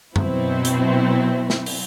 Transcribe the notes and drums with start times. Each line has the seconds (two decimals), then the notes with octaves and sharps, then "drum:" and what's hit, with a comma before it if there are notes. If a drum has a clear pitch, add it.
0.16 B2 F#3 C4 E4, drum: tom F#2
0.65 drum: hi-hat
1.50 drum: snare
1.66 drum: open hi-hat